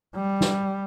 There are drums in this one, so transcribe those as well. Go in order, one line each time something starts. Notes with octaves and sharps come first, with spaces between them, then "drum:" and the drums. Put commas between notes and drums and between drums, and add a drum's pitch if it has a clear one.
G3
drum: snare